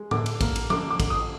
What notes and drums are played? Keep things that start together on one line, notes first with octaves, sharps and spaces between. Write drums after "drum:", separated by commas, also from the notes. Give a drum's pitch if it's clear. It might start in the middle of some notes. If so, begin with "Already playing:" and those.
Already playing: G#3
D3 D6, drum: tom A2
drum: cymbal
A#3, drum: kick, cymbal
drum: cymbal
D3 D6, drum: tom F3
D6
D3, drum: kick, cymbal
D#6